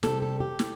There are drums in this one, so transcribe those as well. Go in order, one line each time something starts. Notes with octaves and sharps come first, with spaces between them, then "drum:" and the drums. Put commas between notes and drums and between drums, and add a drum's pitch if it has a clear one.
C3 G3 A4, drum: snare
A4
G4
drum: snare